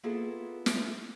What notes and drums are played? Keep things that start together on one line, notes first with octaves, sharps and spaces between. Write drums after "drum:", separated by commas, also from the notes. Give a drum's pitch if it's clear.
A#3 B3 E4 F4 G#4 A4
drum: snare